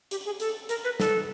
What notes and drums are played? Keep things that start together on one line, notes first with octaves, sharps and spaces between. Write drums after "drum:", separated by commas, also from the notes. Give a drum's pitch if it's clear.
G4, drum: hi-hat
G#4
A4, drum: hi-hat
A#4, drum: hi-hat
B4
A4, drum: snare